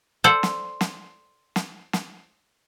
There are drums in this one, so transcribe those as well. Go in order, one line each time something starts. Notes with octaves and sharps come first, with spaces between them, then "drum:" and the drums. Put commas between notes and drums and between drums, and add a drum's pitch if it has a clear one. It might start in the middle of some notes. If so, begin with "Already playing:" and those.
A4 C5 D5
drum: snare
drum: snare
drum: snare
drum: snare